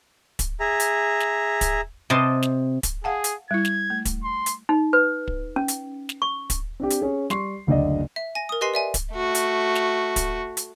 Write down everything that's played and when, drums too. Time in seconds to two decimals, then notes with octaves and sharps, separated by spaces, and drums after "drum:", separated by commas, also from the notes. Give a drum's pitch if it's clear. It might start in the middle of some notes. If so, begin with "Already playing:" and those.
0.39 drum: kick, hi-hat
0.60 G#4 E5 A#5
0.80 drum: hi-hat
1.20 drum: snare
1.61 drum: kick, hi-hat
2.10 C3 D#5 A5 C6
2.43 drum: snare
2.83 drum: kick, hi-hat
3.04 G#4 F5 F#5 A5
3.24 drum: hi-hat
3.51 G3 E4 G#6
3.65 drum: snare
3.90 A3
4.05 drum: kick, hi-hat
4.24 C6
4.46 drum: hi-hat
4.69 D#4
4.93 B4
5.28 drum: kick
5.56 C#4
5.68 drum: hi-hat
6.09 drum: snare
6.22 C#6
6.50 drum: kick, hi-hat
6.80 C4 D4 G4
6.90 drum: hi-hat
7.02 C#4 G#4
7.30 G3 C6 C#6 C7, drum: snare
7.67 F#1 D2 D3 D5 D#5
8.16 E5
8.35 G#5 A#6
8.49 A#4 D#6
8.61 G4 B4 D#5 G#5 C6 C7
8.74 D5 E5 G#5
8.94 drum: kick, hi-hat
9.14 A3 F#4
9.35 drum: hi-hat
9.75 drum: snare
10.16 drum: kick, hi-hat
10.57 drum: hi-hat